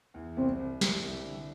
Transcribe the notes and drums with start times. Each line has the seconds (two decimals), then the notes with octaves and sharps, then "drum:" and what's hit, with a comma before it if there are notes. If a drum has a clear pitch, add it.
0.14 E2
0.36 C2 C4
0.59 C2
0.81 G3, drum: snare
1.03 C2
1.26 D3